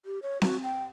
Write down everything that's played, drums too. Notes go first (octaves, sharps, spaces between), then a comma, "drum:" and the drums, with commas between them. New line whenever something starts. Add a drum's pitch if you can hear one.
G4
C#5
F#4, drum: snare C4
G5